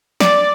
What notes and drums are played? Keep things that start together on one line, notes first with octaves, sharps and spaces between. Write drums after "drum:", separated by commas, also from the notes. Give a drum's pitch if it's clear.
D5, drum: snare